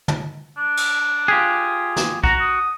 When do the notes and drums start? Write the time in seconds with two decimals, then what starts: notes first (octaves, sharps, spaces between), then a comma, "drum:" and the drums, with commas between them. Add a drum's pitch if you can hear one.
0.08 drum: tom
0.57 D4
0.77 drum: cymbal
1.28 F4 G4 G#4
1.96 drum: snare
2.24 F#4 A#5, drum: kick B1
2.40 D#6